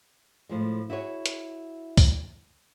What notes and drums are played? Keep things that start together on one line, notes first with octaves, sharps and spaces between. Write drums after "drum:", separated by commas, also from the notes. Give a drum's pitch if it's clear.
A2 F3 G#3
E4 F#4 G#4 C#5
drum: hi-hat
drum: kick C#2, open hi-hat